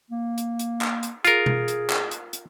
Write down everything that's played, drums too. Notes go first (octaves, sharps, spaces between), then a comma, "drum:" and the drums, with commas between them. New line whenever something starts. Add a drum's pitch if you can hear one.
A#3
drum: hi-hat
drum: hi-hat
drum: clap
drum: hi-hat
F4 G#4 A#4, drum: hi-hat
drum: tom B2
drum: hi-hat
drum: clap
drum: hi-hat
drum: hi-hat